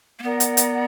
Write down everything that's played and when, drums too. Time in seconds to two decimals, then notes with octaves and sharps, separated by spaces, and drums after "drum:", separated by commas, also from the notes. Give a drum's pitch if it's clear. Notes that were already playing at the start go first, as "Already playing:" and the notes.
0.19 A#3
0.22 B3 A#4 D5 F#5 A#5
0.40 drum: hi-hat
0.57 drum: hi-hat